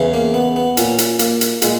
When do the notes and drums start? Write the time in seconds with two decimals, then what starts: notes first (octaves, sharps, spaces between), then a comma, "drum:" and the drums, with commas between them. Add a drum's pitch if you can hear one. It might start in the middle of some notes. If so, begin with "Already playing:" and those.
Already playing: E2 C#3 E3
0.14 A#3
0.34 B3
0.56 B3
0.77 A#2 C#4, drum: hi-hat
0.98 drum: hi-hat
1.19 A#3, drum: hi-hat
1.41 drum: hi-hat
1.62 A#2 G#3, drum: hi-hat